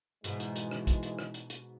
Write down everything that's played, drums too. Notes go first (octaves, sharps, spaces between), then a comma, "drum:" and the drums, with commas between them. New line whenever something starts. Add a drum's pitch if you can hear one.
G#2 B2 E3 G#3, drum: hi-hat
drum: hi-hat
drum: hi-hat
drum: rim click
drum: kick, hi-hat
drum: hi-hat
drum: rim click
drum: hi-hat
drum: hi-hat